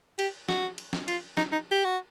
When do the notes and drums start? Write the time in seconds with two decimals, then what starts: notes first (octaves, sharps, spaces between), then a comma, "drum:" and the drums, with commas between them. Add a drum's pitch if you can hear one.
0.19 G4, drum: cymbal
0.49 F#4, drum: snare
0.78 drum: cymbal
0.93 drum: snare
1.08 F4, drum: cymbal
1.37 D#4, drum: snare
1.52 D#4
1.72 G4
1.85 F#4